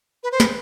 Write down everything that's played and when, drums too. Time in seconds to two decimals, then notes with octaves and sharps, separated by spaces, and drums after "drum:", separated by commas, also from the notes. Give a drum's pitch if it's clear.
0.23 B4
0.32 C5
0.40 B4, drum: snare